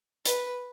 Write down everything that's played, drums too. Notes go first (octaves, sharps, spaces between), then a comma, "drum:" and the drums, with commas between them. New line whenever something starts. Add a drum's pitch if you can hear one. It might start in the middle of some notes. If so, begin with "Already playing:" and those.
B4, drum: hi-hat